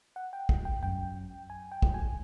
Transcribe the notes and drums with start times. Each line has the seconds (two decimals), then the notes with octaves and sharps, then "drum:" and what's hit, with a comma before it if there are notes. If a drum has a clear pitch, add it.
0.16 F#5
0.33 G5
0.49 drum: kick
0.65 G5
0.82 F#2 G5
1.50 G#5
1.72 G5
1.82 drum: kick
1.94 G#5